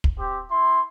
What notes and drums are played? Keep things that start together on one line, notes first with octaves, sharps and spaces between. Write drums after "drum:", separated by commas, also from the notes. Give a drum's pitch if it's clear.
drum: kick
C4 G4
E4 C6